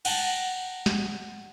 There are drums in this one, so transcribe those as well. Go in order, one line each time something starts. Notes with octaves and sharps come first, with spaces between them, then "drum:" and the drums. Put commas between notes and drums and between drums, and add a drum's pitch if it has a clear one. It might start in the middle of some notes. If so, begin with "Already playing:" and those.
F#5 G5 A5 A#5, drum: cymbal
drum: snare